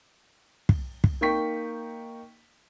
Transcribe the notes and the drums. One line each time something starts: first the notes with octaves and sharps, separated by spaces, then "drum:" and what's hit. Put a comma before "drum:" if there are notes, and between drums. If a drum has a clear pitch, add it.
drum: kick
drum: kick
A#3 D#4 G5 C#6 B6